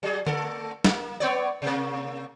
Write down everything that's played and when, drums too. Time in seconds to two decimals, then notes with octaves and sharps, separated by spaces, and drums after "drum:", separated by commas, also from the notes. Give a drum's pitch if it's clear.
0.03 F#3 G#4
0.27 A3 A4, drum: tom D3
0.84 A#3, drum: snare
1.20 B3 C#5 D5
1.62 C3 A#3